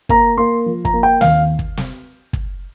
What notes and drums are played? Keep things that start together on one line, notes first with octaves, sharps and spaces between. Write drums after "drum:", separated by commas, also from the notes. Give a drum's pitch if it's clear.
A#3 A#5, drum: kick
A#3 C6
F3
A#5, drum: kick
A#3
G5
D#2 F5, drum: snare
drum: kick
drum: snare
drum: kick